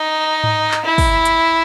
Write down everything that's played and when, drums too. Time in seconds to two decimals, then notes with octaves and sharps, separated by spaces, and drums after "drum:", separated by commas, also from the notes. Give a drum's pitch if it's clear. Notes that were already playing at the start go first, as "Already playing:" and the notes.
Already playing: D#4
0.44 drum: tom G#2
0.71 drum: clap
0.85 E4
0.98 drum: kick, open hi-hat
1.25 drum: hi-hat